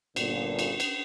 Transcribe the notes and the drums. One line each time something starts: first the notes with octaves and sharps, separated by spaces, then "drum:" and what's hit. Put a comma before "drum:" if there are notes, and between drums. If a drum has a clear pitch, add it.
G1 A#2 D3, drum: cymbal
drum: cymbal
drum: cymbal